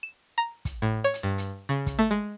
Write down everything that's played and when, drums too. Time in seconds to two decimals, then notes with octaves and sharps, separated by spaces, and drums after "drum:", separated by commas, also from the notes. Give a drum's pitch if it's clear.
0.03 E7
0.38 A#5
0.65 drum: kick, hi-hat
0.82 A2
1.04 C#5
1.14 drum: hi-hat
1.23 G2
1.38 drum: hi-hat
1.69 C#3
1.87 drum: kick, hi-hat
1.99 A3
2.11 G#3